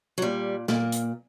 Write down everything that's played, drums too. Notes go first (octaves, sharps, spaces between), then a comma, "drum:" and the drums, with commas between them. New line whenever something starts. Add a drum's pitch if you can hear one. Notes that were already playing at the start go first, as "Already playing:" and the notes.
F#3
A#2 G3
A#2 A#3, drum: snare
drum: hi-hat